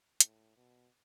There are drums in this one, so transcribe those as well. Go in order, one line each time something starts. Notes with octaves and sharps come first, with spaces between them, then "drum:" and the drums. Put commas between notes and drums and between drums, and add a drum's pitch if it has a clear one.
A2, drum: hi-hat
B2